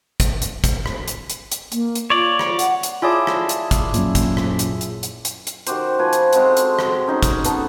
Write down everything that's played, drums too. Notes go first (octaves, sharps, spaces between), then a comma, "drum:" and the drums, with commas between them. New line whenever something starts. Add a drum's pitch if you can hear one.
drum: kick, hi-hat
drum: hi-hat
drum: kick, hi-hat
drum: rim click
drum: hi-hat
drum: hi-hat
drum: hi-hat
A#3, drum: hi-hat
drum: hi-hat
F4 C#5 D5
drum: rim click
F#5, drum: hi-hat
drum: hi-hat
E4 F4 G#4 C#5 D5 A5
drum: rim click
drum: hi-hat
drum: kick, hi-hat
F#2 A#2, drum: hi-hat
drum: kick, hi-hat
drum: rim click
drum: hi-hat
drum: hi-hat
drum: hi-hat
drum: hi-hat
drum: hi-hat
D#3 F#4 G4 C5, drum: hi-hat
F3 B4 G#5
drum: hi-hat
G#3 C4 F#4 A4, drum: hi-hat
drum: hi-hat
drum: rim click
C#4 D#4 G#4
drum: kick, hi-hat
B3 A4, drum: hi-hat